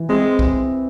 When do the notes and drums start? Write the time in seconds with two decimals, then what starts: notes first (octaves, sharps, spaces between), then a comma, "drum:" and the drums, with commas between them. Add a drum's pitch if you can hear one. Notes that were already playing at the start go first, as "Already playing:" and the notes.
Already playing: E3
0.09 G#3 C4
0.39 drum: kick